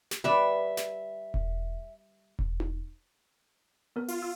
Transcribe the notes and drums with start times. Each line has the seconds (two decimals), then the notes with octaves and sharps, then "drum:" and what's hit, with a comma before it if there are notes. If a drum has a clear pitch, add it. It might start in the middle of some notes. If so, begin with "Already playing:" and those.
0.11 drum: snare
0.24 G3 B4 D5 E5
0.77 drum: snare
1.34 drum: kick E1
2.39 drum: kick E1
2.60 drum: tom D#4
3.96 B3 A#4
4.08 F4, drum: open hi-hat
4.22 E6